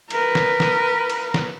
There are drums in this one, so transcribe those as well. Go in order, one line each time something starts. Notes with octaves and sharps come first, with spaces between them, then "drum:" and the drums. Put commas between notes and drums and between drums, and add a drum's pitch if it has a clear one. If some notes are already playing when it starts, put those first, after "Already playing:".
A#4 B4, drum: cymbal
drum: snare
drum: snare
drum: cymbal
drum: snare